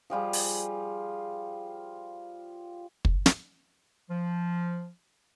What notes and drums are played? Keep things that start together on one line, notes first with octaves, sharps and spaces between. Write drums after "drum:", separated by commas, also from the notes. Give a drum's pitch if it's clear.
F3 G3 F4 G#4
drum: open hi-hat
drum: kick
drum: snare
F3